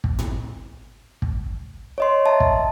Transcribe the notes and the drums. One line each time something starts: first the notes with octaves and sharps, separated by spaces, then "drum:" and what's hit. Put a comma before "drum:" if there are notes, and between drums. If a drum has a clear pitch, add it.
drum: kick
drum: tom A2
drum: kick
C#5 D#5 C6
D#5 E5 A5 A#5
drum: kick